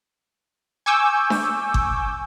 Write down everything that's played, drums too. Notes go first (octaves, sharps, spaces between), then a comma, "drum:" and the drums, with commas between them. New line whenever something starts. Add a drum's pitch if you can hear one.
G#5 C#6 D6 E6 G6
drum: snare D4
drum: kick G1